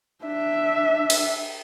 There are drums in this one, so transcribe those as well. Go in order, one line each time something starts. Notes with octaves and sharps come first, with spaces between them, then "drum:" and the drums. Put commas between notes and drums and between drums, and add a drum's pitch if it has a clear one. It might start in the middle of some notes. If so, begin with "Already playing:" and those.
D4 E5
drum: cymbal